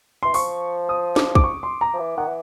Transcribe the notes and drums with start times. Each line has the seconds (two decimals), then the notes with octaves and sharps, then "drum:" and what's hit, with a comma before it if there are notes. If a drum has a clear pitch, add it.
0.23 E3 C6
0.34 F3 C#6, drum: open hi-hat
0.89 D#6
1.16 D6, drum: snare
1.35 D6, drum: kick
1.44 C#6
1.63 C6
1.81 A#5
1.93 F3
1.99 E3
2.17 D#3 F#5
2.27 E3